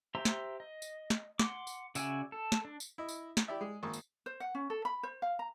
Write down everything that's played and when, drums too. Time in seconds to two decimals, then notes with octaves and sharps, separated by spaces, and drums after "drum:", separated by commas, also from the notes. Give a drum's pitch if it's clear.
0.15 G4 C5 E5 A#5 C6
0.25 drum: snare
0.60 D#5
0.82 drum: tambourine
1.10 drum: snare
1.39 F#5 C6 D6, drum: snare
1.67 drum: tambourine
1.95 C#3 F#4 D5 E5 G#5, drum: tambourine
2.32 A4
2.52 drum: snare
2.65 D4
2.80 drum: tambourine
2.98 E4 D#5
3.09 drum: tambourine
3.37 drum: snare
3.48 E4 G4 D5 E5
3.61 G#3
3.83 G#1 A#3 C#6 D#6
3.94 drum: tambourine
4.26 C5
4.40 F#5
4.55 C#4
4.70 A4
4.85 B5
5.03 C5
5.22 F5
5.39 A#5